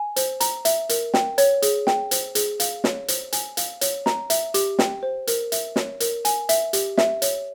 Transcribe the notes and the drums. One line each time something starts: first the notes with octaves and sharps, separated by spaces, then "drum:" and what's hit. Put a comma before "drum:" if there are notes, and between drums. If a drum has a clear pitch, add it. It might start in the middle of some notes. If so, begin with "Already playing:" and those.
Already playing: G#5
C5, drum: hi-hat
A#5, drum: hi-hat
E5, drum: hi-hat
A#4, drum: hi-hat
G5, drum: snare
C#5, drum: hi-hat
G#4, drum: hi-hat
G5, drum: snare
C5, drum: hi-hat
G#4, drum: hi-hat
F5, drum: hi-hat
C#5, drum: snare
C5, drum: hi-hat
G#5, drum: hi-hat
F5, drum: hi-hat
C#5, drum: hi-hat
A#5, drum: snare
E5, drum: hi-hat
G4, drum: hi-hat
G5, drum: snare
C5
A#4, drum: hi-hat
E5, drum: hi-hat
C#5, drum: snare
A#4, drum: hi-hat
G#5, drum: hi-hat
E5, drum: hi-hat
G4, drum: hi-hat
E5, drum: snare
C#5, drum: hi-hat